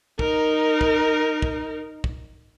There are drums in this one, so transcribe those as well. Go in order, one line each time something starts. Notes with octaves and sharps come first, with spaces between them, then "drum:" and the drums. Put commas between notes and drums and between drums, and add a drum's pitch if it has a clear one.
D#4 A#4, drum: kick
drum: kick
drum: kick
drum: kick